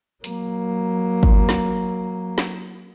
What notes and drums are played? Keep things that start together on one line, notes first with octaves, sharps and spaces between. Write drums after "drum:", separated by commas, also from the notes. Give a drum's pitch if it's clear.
F#3 A#3, drum: hi-hat
drum: kick
drum: snare
drum: snare